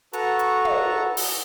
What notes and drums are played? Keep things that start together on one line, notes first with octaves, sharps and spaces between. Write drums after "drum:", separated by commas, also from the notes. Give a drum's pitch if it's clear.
F#4 A4 B4 A5 A#5 C#6, drum: hi-hat
drum: hi-hat
drum: tom
drum: open hi-hat